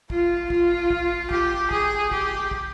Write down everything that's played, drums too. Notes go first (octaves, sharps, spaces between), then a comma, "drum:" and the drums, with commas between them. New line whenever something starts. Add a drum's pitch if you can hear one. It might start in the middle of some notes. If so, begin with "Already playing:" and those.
F4, drum: kick
F4, drum: kick
drum: kick
G4, drum: kick
G#4, drum: kick
G4, drum: kick
drum: kick